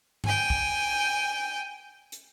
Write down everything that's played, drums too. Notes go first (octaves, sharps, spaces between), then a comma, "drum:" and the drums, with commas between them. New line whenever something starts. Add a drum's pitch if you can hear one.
G5 G#5, drum: tom G2
drum: kick
drum: hi-hat